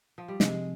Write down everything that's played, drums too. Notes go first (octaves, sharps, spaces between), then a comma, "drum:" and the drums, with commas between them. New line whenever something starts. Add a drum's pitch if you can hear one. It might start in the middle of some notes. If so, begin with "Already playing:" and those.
F3
G3
C3 F3 G#3 C4, drum: snare